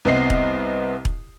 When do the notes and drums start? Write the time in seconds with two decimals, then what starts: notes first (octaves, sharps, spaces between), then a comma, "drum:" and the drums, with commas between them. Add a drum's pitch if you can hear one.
0.05 C2 B3 C4 D#5 C7
0.30 drum: kick E1
1.05 drum: kick E1